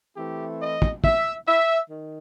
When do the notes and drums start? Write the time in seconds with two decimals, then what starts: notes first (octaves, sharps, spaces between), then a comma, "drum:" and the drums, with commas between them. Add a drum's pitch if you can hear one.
0.16 E3 A3 C4 E4 G4
0.60 D#5
0.82 drum: kick
1.04 E5, drum: kick
1.47 E5
1.90 D#3